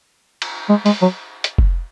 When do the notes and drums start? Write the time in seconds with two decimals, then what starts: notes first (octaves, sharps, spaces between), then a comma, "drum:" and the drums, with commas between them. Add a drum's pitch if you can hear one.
0.42 drum: cymbal
0.70 G#3
0.86 G#3, drum: open hi-hat
1.02 F#3
1.44 drum: hi-hat
1.58 drum: kick F1